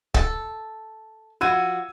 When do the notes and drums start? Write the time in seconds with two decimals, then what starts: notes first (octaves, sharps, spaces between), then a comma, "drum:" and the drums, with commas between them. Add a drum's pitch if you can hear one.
0.14 A4, drum: kick
1.41 F3 F#4 E6 G#6 D#7